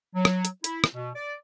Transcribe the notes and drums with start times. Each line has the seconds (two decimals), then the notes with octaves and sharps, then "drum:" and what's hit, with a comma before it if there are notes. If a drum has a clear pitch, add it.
0.16 F#3
0.25 drum: rim click
0.45 drum: hi-hat
0.64 E4, drum: hi-hat
0.84 drum: rim click
0.94 B2
1.16 D5